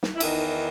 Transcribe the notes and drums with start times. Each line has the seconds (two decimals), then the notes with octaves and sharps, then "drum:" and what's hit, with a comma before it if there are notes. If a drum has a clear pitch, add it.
0.03 drum: snare
0.16 E4
0.20 E2 D#3 D#4, drum: cymbal